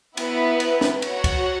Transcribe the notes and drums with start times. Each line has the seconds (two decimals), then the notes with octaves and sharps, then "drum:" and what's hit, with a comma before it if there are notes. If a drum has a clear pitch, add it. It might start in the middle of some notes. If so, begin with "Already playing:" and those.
0.17 B3 E4 B4, drum: cymbal
0.60 drum: cymbal
0.81 drum: snare
1.02 F#4 C#5 F#5, drum: cymbal
1.24 drum: kick, cymbal